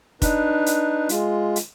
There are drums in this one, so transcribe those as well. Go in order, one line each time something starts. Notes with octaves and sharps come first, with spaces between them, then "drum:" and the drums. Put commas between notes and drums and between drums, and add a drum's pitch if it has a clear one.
D4 D#4 B4, drum: kick, hi-hat
drum: hi-hat
G#3 F4, drum: hi-hat
drum: hi-hat